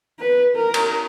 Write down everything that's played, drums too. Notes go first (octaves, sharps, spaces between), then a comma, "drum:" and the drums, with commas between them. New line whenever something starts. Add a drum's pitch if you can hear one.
B4
A#4
drum: cymbal